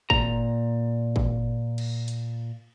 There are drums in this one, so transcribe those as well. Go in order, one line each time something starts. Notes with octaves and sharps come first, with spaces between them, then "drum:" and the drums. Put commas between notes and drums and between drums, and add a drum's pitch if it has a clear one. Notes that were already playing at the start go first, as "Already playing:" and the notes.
A#2 A#5, drum: kick G#1
drum: kick G#1
drum: cymbal
drum: hi-hat